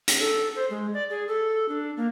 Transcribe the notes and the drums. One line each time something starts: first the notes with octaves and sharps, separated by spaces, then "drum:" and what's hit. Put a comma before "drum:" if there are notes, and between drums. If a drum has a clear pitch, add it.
drum: hi-hat
A4
C5
G#3
D5
G#4
A4
D4
A#3